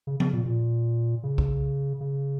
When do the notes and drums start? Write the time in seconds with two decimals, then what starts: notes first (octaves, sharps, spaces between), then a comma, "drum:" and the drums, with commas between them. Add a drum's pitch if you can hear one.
0.07 C#3
0.20 C#3, drum: tom F3
0.33 A#2
0.45 A#2
1.23 C#3
1.38 drum: kick B1
2.01 C#3